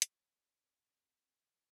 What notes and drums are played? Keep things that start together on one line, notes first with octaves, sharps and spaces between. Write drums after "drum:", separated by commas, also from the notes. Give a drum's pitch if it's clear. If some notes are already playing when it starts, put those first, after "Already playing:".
C4 C#5, drum: hi-hat